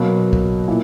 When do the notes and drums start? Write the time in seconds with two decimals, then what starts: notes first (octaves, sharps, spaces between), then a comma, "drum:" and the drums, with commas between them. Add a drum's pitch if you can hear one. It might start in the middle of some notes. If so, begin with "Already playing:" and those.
Already playing: B2 F#3 A#3
0.33 drum: kick
0.68 A#2 E4